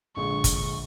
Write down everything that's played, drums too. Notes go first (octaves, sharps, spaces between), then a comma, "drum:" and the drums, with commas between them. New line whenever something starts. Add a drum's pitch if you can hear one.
A#1 D3 G#3 C#6
drum: kick, hi-hat